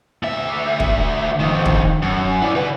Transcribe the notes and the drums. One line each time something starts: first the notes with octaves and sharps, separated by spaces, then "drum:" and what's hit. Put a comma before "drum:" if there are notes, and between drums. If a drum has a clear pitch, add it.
D2 E5
drum: kick
F2 D#3
drum: kick
F#2
E4 D5
C#3 B4